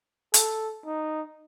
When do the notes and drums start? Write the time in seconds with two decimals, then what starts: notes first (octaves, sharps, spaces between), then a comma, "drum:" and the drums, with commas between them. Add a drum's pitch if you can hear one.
0.34 A4, drum: hi-hat
0.86 D#4